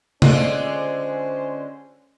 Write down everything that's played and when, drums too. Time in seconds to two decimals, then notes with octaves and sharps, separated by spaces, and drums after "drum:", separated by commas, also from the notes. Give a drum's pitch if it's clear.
0.22 D3 G#3 C#4 F4 C5, drum: tom